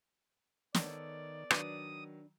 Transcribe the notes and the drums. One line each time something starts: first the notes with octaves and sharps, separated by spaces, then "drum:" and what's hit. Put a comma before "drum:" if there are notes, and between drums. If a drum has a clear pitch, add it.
D#3 B3 A4 C#5 D5, drum: snare
D#3 F#3 D4 B4 D#6, drum: rim click